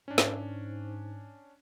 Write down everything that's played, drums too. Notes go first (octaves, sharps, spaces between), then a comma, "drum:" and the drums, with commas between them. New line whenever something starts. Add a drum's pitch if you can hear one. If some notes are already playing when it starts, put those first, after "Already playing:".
G#2 C#4 D4
drum: snare